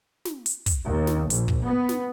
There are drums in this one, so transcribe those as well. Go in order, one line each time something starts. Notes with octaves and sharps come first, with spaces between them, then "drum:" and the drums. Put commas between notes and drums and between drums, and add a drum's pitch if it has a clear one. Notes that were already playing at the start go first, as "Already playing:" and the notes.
drum: snare
drum: hi-hat
drum: kick, hi-hat
D#2
drum: snare
A#1, drum: hi-hat
drum: kick
B3
drum: snare